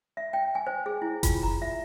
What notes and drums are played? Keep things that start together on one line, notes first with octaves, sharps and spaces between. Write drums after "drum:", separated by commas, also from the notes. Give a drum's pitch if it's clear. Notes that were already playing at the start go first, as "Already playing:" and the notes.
E5
G5
G#5
C5
G#4
E4
F4, drum: kick F#1, hi-hat
A#5
E5